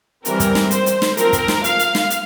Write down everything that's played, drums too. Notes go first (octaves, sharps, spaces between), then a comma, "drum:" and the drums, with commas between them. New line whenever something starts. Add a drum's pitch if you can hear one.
E3 G3 C4 A#4, drum: hi-hat
drum: kick, hi-hat
drum: snare
C5, drum: hi-hat
drum: hi-hat
drum: snare
F3 C4 A#4, drum: hi-hat
drum: kick, hi-hat
drum: snare
F5, drum: hi-hat
drum: hi-hat
drum: snare
drum: hi-hat